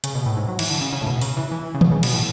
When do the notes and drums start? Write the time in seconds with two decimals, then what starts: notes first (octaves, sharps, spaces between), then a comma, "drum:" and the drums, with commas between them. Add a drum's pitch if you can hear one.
0.04 C#3, drum: hi-hat
0.15 B2
0.26 A2
0.37 G#2
0.48 F#3
0.59 E3, drum: cymbal
0.70 D3
0.81 C#3
0.92 C#3
1.02 A2
1.07 B2
1.21 C#3, drum: open hi-hat
1.37 E3
1.51 E3
1.74 C#3
1.81 B2, drum: tom D#3
1.92 C#3
2.03 B2, drum: cymbal
2.14 A2